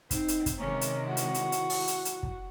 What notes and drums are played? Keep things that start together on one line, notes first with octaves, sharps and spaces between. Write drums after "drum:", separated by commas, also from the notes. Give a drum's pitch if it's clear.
C4 D#4, drum: kick, hi-hat
drum: hi-hat
drum: kick, hi-hat
C3 D#3 G#3 C#4 A#5
drum: hi-hat
E4 F#4
drum: hi-hat
drum: hi-hat
drum: hi-hat
drum: open hi-hat
drum: hi-hat
drum: hi-hat
drum: kick